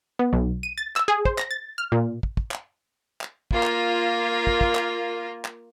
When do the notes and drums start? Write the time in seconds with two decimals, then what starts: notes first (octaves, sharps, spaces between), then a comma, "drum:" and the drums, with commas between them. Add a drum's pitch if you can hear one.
0.19 B3
0.33 B1
0.63 D#7
0.78 A6
0.96 E6, drum: clap
1.08 G#4
1.25 C5, drum: kick
1.38 A#6, drum: clap
1.51 A6
1.78 F6
1.92 A#2
2.23 drum: kick
2.37 drum: kick
2.51 drum: clap
3.21 drum: clap
3.51 A#3 F4, drum: kick
3.63 drum: clap
4.47 drum: kick
4.61 drum: kick
4.75 drum: clap
5.45 drum: clap